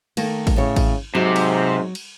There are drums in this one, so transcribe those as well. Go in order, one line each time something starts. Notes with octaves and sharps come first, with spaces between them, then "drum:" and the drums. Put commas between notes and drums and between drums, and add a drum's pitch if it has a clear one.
D#3 A3 A#3, drum: cymbal
drum: kick G#1, cymbal
A2 C#3 C#5
drum: kick G#1, cymbal
G#2 C3 F#3
drum: cymbal
drum: cymbal